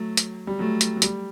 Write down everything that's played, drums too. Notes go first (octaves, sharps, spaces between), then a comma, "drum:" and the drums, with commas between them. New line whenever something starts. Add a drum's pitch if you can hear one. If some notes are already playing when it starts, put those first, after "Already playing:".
Already playing: F#3 A3
drum: hi-hat
G3
F#3 A3
drum: hi-hat
F#3
G3, drum: hi-hat